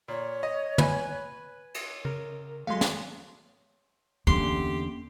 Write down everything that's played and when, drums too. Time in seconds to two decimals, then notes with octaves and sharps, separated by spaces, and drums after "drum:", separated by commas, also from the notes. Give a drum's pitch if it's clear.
0.08 A#2 C#5
0.43 D#5
0.78 B4 G#5, drum: tom
1.74 drum: cymbal
2.05 C#3 A#4
2.67 F#3 G#3 A3 F5 C6
2.81 drum: snare
4.27 E2 D3 A#3 C#4 G4 C6, drum: kick C#2